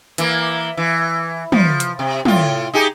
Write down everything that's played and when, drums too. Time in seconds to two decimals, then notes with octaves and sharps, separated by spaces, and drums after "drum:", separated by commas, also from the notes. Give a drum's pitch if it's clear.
0.18 E3 A#3, drum: hi-hat
0.77 E3
1.52 F3, drum: tom
1.80 drum: hi-hat
1.99 C3
2.25 A2 F4, drum: tom
2.74 D#4 G4 G#4